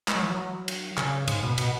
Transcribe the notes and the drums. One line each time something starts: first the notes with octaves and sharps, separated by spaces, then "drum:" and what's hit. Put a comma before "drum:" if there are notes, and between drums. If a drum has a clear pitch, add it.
G#3, drum: clap
F#3
E3
F#3
drum: cymbal
C#3, drum: clap
G#2, drum: cymbal
B2
B2, drum: cymbal